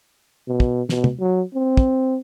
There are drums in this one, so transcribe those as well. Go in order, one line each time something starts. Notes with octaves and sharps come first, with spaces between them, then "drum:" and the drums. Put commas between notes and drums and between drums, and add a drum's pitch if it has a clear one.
B2
drum: kick
B2, drum: snare
drum: tom
F#3
C4
drum: kick